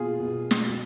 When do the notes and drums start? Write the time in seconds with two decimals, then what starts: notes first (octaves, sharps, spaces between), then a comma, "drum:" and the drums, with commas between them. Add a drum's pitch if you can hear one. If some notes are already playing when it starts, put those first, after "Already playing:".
Already playing: B2 F4 G#4
0.20 B2
0.51 drum: snare
0.66 F#3